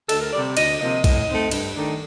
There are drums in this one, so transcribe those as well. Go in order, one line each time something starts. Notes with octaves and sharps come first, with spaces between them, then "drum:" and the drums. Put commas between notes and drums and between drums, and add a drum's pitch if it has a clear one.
D2 A4, drum: cymbal
A#4
C3 G3 D5
D2 D#5, drum: cymbal
C3 F3 A#3 D#5
A2, drum: kick B1, cymbal
A3 C4 D#4
G2, drum: cymbal
D#3 A3 D4